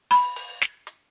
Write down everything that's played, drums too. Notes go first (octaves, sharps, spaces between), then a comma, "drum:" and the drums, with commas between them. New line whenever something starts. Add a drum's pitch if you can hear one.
B5, drum: open hi-hat
drum: open hi-hat
drum: snare
drum: hi-hat